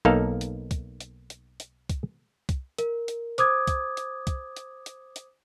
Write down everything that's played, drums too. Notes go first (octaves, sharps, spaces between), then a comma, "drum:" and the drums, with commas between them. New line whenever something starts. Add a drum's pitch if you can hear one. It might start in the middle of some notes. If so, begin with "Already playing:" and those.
B1 A#3 D#4 A4 F5
drum: hi-hat
drum: kick C2, hi-hat
drum: hi-hat
drum: hi-hat
drum: hi-hat
drum: kick C2, hi-hat
drum: kick C2, hi-hat
A#4, drum: hi-hat
drum: hi-hat
C5 D6 D#6 G#6, drum: hi-hat
drum: kick C2, hi-hat
drum: hi-hat
drum: kick C2, hi-hat
drum: hi-hat
drum: hi-hat
drum: hi-hat